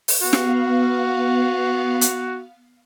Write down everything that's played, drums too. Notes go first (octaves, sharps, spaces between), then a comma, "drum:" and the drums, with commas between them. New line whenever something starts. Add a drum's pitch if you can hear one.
drum: open hi-hat
B3 F#4 F5
drum: snare
drum: hi-hat